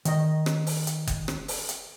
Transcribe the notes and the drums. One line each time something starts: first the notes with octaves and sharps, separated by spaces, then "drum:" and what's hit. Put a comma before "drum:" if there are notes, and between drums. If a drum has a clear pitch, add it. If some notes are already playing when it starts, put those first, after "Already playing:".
D#3 D#5, drum: hi-hat
drum: rim click
drum: open hi-hat
drum: hi-hat
drum: kick F#1, hi-hat
drum: rim click
drum: open hi-hat
drum: hi-hat